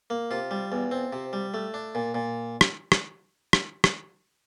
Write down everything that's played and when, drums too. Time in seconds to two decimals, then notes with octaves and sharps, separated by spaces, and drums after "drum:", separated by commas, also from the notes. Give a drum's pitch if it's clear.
0.10 A#3
0.31 C3 F4
0.51 G3
0.72 E2
0.91 C4
1.13 C3
1.33 G3
1.54 A3
1.74 D4
1.95 A#2
2.15 A#2
2.61 drum: rim click
2.92 drum: rim click
3.53 drum: rim click
3.84 drum: rim click